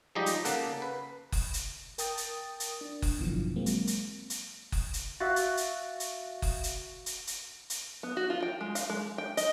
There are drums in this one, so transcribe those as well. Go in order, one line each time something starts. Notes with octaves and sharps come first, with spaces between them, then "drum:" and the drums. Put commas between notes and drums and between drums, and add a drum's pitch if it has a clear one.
F3 G3 G#3 D#4 G4 D#5
drum: hi-hat
C#3 A#3 A4 F#5, drum: hi-hat
B4
drum: kick F#1, open hi-hat
drum: hi-hat
A#4 G5 A5 D#6 A6, drum: hi-hat
drum: hi-hat
drum: hi-hat
D4
drum: kick F#1, open hi-hat
G#1 F#2 B2 D3 E3 F3
F#3 G#3 A#3 C4
drum: hi-hat
drum: hi-hat
drum: hi-hat
drum: kick F#1, open hi-hat
drum: hi-hat
F#4 E5 F5 A6
drum: hi-hat
drum: hi-hat
drum: hi-hat
drum: kick F#1, open hi-hat
drum: hi-hat
drum: hi-hat
drum: hi-hat
drum: hi-hat
B3
F#4
F4
G5
G#3
F5, drum: hi-hat
G#3
G5
D#5, drum: hi-hat